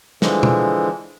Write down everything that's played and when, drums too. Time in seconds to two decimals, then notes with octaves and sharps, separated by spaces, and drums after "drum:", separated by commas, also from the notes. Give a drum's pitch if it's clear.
0.22 D3 E3 F3 G#3, drum: snare
0.43 drum: tom